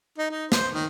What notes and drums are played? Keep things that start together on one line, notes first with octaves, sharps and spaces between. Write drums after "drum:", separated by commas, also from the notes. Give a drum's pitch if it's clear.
D#4
D#4
C5, drum: snare
D#3